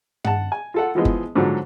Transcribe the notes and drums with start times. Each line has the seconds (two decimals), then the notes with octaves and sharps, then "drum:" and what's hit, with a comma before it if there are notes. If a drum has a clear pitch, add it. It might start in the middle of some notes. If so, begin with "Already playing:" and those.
0.24 F#5 A5, drum: tom G2
0.52 G#5
0.74 F4 A4 F#5
0.95 E3 F3 G#3 B3
1.05 drum: kick F#1
1.35 G#2 D3 F3 F#3